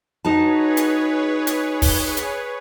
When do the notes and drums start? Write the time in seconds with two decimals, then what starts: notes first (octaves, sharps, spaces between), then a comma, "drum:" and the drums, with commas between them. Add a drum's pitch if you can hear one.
0.25 D#4 F#4 G#4 B4 C#5 A5
0.77 drum: hi-hat
1.47 drum: hi-hat
1.82 drum: kick, open hi-hat
2.17 drum: hi-hat